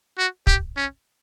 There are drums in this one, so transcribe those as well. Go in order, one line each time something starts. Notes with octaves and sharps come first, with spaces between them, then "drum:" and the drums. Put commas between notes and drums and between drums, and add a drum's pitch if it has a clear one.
F#4
G4, drum: kick
C#4